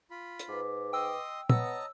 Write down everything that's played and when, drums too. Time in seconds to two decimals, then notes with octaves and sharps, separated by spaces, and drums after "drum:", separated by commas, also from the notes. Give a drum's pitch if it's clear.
0.11 F4 B5
0.39 drum: hi-hat
0.49 G#2 B4 D6
0.93 D#5 G5 C6 D#6 E6
1.50 B3 C#5 D#5 A5 A#5 E6, drum: tom